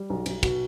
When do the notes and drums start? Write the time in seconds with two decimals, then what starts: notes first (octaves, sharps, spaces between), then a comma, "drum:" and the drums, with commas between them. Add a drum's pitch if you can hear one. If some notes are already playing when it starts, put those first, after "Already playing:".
Already playing: G3
0.10 B1
0.26 B1, drum: cymbal
0.43 B2, drum: kick, cymbal